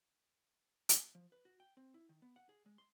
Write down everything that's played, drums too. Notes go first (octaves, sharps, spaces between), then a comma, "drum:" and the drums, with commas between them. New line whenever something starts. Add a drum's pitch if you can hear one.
drum: hi-hat
F3
B4
F#4
G5
C4
E4
D#3
B3
F#5
G#4
G#3
C6